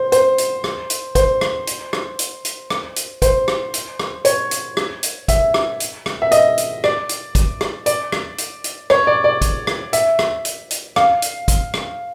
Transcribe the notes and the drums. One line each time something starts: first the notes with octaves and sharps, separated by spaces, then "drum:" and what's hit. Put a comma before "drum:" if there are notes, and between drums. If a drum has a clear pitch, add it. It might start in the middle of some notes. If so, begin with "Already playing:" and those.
Already playing: C5
C5, drum: hi-hat
drum: hi-hat
drum: rim click
drum: hi-hat
C5, drum: kick, hi-hat
drum: rim click
drum: hi-hat
drum: rim click
drum: hi-hat
drum: hi-hat
drum: rim click
drum: hi-hat
C5, drum: kick, hi-hat
drum: rim click
drum: hi-hat
drum: rim click
C#5, drum: hi-hat
drum: hi-hat
drum: rim click
drum: hi-hat
E5, drum: kick, hi-hat
drum: rim click
drum: hi-hat
drum: rim click
E5
D#5, drum: hi-hat
drum: hi-hat
D5, drum: rim click
drum: hi-hat
drum: kick, hi-hat
drum: rim click
D5, drum: hi-hat
drum: rim click
drum: hi-hat
drum: hi-hat
C#5, drum: rim click
D5
D5
drum: kick, hi-hat
drum: rim click
E5, drum: hi-hat
drum: rim click
drum: hi-hat
drum: hi-hat
F5, drum: rim click
drum: hi-hat
drum: kick, hi-hat
drum: rim click